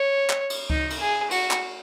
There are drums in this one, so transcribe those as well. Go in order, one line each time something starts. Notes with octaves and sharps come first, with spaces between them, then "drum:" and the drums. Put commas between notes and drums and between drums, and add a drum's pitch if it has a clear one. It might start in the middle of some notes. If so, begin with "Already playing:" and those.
Already playing: C#5
drum: clap
drum: cymbal
D#4, drum: kick C#2
drum: cymbal
G#4
F#4, drum: cymbal
drum: clap